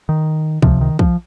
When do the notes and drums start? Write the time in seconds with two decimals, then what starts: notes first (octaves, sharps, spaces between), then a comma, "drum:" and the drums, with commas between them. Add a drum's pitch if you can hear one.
0.09 D#3
0.62 C#2 C3 F3, drum: kick
0.81 D#3
0.99 F3, drum: kick